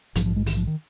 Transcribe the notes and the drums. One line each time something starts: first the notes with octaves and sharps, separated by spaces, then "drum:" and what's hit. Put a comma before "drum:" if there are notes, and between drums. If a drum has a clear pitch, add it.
A#1 G#2 F3, drum: hi-hat
F3
G#3
D#3, drum: open hi-hat
F3
D#3